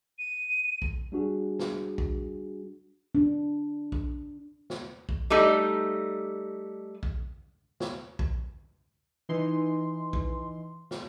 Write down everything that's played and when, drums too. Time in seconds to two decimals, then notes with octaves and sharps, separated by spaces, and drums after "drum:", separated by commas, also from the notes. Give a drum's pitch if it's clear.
0.19 D#7
0.82 drum: kick A#1
1.12 G3 D4 F#4 G#4
1.59 drum: snare
1.98 drum: kick A#1
3.15 D4
3.92 drum: kick A#1
4.70 drum: snare
5.09 drum: kick A#1
5.30 G3 A3 D#4
7.03 drum: kick A#1
7.80 drum: snare
8.19 drum: kick A#1
9.29 E3 D#4 C6
10.13 drum: kick A#1
10.91 drum: snare